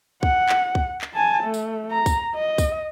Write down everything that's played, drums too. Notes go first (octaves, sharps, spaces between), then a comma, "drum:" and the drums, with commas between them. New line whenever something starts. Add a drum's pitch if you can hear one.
F#5, drum: kick
drum: clap
drum: kick
drum: clap
G#5 A5
A3
drum: tambourine
A#5
drum: kick, tambourine
D#5
drum: kick, tambourine